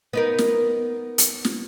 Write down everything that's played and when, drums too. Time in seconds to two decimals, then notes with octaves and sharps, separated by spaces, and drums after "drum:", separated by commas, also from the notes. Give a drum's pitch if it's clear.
0.13 B3 D#4 A#4
0.38 drum: snare
1.18 drum: hi-hat
1.45 drum: snare